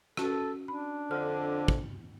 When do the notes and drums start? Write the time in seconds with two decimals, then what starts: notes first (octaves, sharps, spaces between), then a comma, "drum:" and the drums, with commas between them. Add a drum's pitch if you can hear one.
0.17 C#4 F#4 A4 A5, drum: rim click
0.68 D4 B5
1.11 F2 D3 F6
1.68 drum: kick